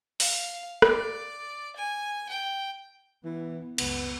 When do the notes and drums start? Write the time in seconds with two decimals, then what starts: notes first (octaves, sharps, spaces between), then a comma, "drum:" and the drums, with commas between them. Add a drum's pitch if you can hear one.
0.20 F5, drum: open hi-hat
0.82 D5, drum: rim click
1.76 G#5
2.29 G5
3.24 E3 B3
3.78 F#1 C#2 B3, drum: cymbal